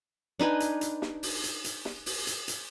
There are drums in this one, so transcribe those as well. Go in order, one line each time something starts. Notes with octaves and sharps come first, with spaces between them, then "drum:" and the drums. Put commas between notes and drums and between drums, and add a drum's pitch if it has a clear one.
D4 D#4 B4 G#5
drum: hi-hat
drum: hi-hat
drum: snare
drum: open hi-hat
drum: hi-hat
drum: hi-hat
drum: snare
drum: open hi-hat
drum: hi-hat
drum: hi-hat